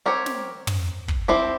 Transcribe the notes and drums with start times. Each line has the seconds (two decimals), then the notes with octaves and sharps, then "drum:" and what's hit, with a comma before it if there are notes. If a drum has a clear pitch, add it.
0.06 C4 G4 A#4 C#5
0.26 drum: snare
0.67 drum: tom
1.08 drum: kick
1.28 C4 E4 G4 C5